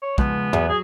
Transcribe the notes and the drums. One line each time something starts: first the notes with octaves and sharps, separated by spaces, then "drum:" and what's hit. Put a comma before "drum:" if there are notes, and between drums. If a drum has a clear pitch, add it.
C#5
C#3 F3 G#3 B3, drum: kick
E2 F#3 G#4, drum: tom
F#3 G#4